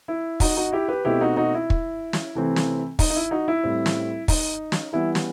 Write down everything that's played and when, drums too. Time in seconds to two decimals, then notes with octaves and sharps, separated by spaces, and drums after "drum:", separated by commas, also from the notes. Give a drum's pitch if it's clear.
0.08 E4
0.40 D#4 F#4, drum: kick, open hi-hat
0.57 D#4 F#4
0.72 E4 G4
0.89 G4 B4
1.05 B2 A3 C4 E4 G4
1.21 D#4 F#4
1.37 D#4 F#4
1.54 E4
1.70 drum: kick
2.13 drum: snare
2.35 C3 E3 A3 C4
2.56 drum: snare
2.99 D#4, drum: kick, open hi-hat
3.10 D#4
3.16 E4
3.31 D#4 F#4
3.48 E4
3.64 A2 G3 C4
3.86 drum: snare
4.28 D#4, drum: kick, open hi-hat
4.72 drum: snare
4.93 E3 G3 B3 E4
5.15 drum: snare